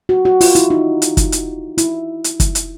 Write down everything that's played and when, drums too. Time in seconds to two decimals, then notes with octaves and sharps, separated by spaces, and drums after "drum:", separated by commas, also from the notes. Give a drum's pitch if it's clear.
0.09 F#4
0.25 F#4
0.41 F4, drum: open hi-hat
0.55 E4, drum: hi-hat
0.70 D#4
1.02 drum: hi-hat
1.17 drum: kick, hi-hat
1.32 drum: hi-hat
1.78 E4, drum: hi-hat
2.24 drum: hi-hat
2.40 drum: kick, hi-hat
2.55 drum: hi-hat